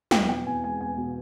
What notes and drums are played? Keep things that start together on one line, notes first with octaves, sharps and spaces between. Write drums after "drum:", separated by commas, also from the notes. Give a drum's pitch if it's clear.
E2 G5, drum: snare
B2 G5
E2 G#5
G#3 G#5
E2 G#5
B2